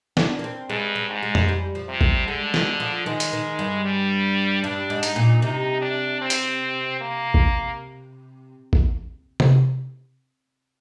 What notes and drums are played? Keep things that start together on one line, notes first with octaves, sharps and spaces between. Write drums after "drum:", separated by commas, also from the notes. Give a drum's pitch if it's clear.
D4, drum: snare
A#3
C4
G2 G#3
G#3
G#2
G#3
drum: tom F2
G3
F3
C3
G3, drum: kick A1
D3 G#3
G#3, drum: snare
F3
D#3 G#3
drum: hi-hat
D#3
G2
G3
G2 D4
G#2
D#4, drum: hi-hat
A#2
C3 D#4
D4
C4
drum: hi-hat
A#3
drum: kick A1
drum: kick A1
drum: tom C3